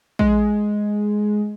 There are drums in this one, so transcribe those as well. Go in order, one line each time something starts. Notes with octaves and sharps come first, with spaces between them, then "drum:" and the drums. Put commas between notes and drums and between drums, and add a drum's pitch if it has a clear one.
G#3, drum: kick A#1